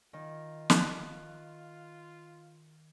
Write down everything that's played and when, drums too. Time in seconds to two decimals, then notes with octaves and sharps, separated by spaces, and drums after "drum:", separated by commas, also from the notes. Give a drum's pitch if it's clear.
0.13 D#3 F4
0.70 F#6, drum: snare